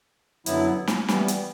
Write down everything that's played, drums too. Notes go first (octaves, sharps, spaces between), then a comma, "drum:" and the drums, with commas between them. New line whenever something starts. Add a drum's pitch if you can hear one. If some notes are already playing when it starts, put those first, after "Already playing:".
F#2 D3 F#3 B3 E4, drum: hi-hat
drum: snare
E3 G3 B3, drum: snare
drum: hi-hat